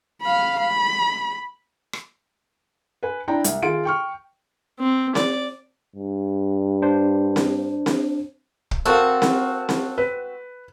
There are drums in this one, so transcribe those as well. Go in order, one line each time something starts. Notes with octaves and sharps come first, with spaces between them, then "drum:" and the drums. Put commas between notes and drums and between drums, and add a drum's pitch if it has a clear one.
F5 B5
B5
drum: rim click
B4 G#5
D4 E4 D5 G5 A#5
C2, drum: hi-hat
D#3 F4 G#4 D7
G5 C#6 F6
C4
D5, drum: snare C4
G2
D4 C5
drum: snare C4
drum: snare C4
drum: kick
C4 F#4 A4 A#4 F5
drum: snare C4
drum: snare C4
B4